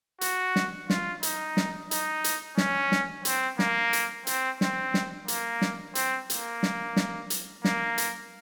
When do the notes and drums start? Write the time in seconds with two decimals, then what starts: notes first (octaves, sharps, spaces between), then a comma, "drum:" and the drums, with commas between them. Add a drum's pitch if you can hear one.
0.21 F#4, drum: hi-hat
0.56 drum: snare
0.90 F4, drum: snare
1.23 D#4, drum: hi-hat
1.57 drum: snare
1.91 D#4, drum: hi-hat
2.24 drum: hi-hat
2.57 C#4, drum: snare
2.92 drum: snare
3.25 C4, drum: hi-hat
3.59 A#3, drum: snare
3.93 drum: hi-hat
4.27 C4, drum: hi-hat
4.61 C4, drum: snare
4.94 drum: snare
5.28 A#3, drum: hi-hat
5.62 drum: snare
5.95 C4, drum: hi-hat
6.30 A#3, drum: hi-hat
6.63 drum: snare
6.96 drum: snare
7.30 drum: hi-hat
7.65 A#3, drum: snare
7.98 drum: hi-hat